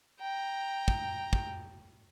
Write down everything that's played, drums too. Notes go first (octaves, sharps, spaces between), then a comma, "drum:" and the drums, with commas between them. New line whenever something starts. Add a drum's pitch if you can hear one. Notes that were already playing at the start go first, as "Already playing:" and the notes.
G5 A#5
drum: kick
drum: kick